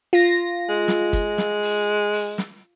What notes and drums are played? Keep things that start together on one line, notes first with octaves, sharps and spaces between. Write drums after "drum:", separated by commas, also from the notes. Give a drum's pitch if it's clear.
F4 A#6, drum: open hi-hat
G#3
drum: snare
drum: kick, hi-hat
drum: snare
drum: open hi-hat
drum: open hi-hat
drum: snare